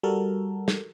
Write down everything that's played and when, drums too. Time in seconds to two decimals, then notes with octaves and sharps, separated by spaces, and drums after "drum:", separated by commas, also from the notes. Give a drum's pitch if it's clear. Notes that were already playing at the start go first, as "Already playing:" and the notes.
0.03 G3 F#4 A4 A#4
0.68 drum: snare